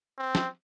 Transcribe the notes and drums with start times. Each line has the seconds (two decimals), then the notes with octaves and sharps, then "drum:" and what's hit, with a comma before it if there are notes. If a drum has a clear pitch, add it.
0.18 C4
0.35 drum: snare